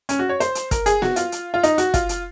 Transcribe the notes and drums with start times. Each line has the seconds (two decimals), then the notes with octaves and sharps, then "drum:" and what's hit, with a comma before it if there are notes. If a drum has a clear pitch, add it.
0.09 C#4, drum: hi-hat
0.19 F#4
0.29 C#5
0.40 C5, drum: hi-hat
0.55 drum: hi-hat
0.71 A#4, drum: kick, hi-hat
0.86 G#4, drum: hi-hat
1.02 F#4, drum: snare B3
1.16 F4, drum: hi-hat
1.32 drum: hi-hat
1.54 F4
1.63 D#4, drum: hi-hat
1.78 F#4, drum: hi-hat
1.94 F4, drum: kick, hi-hat
2.09 drum: hi-hat